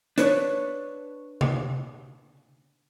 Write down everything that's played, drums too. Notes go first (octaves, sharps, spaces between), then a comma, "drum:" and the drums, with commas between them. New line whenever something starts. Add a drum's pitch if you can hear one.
D4 B4 C#5, drum: hi-hat
drum: tom C3